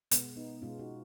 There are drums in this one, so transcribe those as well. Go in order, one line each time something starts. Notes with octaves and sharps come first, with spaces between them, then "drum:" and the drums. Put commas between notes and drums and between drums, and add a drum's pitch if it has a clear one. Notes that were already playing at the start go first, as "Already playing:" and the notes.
B2 G#3 B3, drum: hi-hat
B3 D#4
B2 G#3 C#4 F4
D#4 F#4